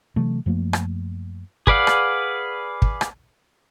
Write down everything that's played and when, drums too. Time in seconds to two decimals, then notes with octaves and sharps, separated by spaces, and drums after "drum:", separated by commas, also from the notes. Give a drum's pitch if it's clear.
0.16 C3 E3 F#3 A3
0.46 F#2 F3 A3 A#3
0.73 drum: rim click
1.67 G#4 B4 D5 F5 F#5, drum: kick
1.87 drum: rim click
2.82 drum: kick
3.01 drum: rim click